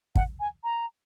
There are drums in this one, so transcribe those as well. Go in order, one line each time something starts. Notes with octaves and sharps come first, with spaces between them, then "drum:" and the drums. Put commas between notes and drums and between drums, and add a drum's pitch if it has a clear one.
F#5, drum: kick
G#5
A#5